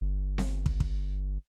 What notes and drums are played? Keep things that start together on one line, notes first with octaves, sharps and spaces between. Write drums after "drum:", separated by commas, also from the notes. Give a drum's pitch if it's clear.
G1
drum: snare C4
drum: kick
drum: kick